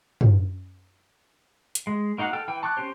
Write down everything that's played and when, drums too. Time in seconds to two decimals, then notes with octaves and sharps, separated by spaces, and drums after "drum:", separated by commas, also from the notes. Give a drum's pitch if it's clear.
0.21 drum: tom
1.75 drum: hi-hat
1.87 G#3
2.18 A#3 D#4 F#4 F5 F#5
2.33 A4 G5 F6
2.48 E3 G5
2.63 A5 C#6 D6 F#6
2.77 C4 C#4 G4 C5